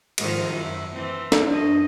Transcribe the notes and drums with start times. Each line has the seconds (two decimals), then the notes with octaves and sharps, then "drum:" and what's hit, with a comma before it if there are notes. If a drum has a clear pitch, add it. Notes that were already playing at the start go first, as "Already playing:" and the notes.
0.18 G#2 D#3 F3, drum: cymbal
0.52 F#2 E4
0.93 E3 C4
1.32 drum: snare
1.51 F#2 D4 D#5